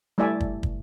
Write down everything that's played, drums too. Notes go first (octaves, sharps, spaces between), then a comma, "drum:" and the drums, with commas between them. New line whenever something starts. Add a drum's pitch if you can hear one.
G3 A3 E4 D5 E5 G#5
drum: kick
drum: kick